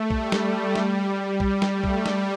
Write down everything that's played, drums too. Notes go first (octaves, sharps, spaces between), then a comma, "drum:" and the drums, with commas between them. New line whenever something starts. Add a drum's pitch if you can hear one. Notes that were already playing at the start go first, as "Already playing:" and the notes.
Already playing: A3
G3, drum: kick B1
drum: snare
drum: snare
G3, drum: kick B1
drum: snare
A3
drum: kick B1
G3, drum: snare